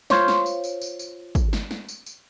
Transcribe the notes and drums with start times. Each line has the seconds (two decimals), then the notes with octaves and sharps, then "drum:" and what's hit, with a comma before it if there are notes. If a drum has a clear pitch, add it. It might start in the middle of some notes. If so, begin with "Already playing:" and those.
0.10 F4 C5 C#5, drum: snare
0.28 drum: snare
0.46 drum: tambourine
0.64 drum: tambourine
0.82 drum: tambourine
0.99 drum: tambourine
1.35 drum: kick, tambourine
1.53 drum: snare
1.71 drum: snare
1.89 drum: tambourine
2.06 drum: tambourine